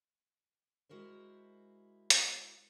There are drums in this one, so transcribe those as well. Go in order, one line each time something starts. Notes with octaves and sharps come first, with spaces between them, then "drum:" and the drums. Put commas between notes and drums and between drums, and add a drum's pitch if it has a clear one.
G#3 E4 F#4 A#4 C5
drum: hi-hat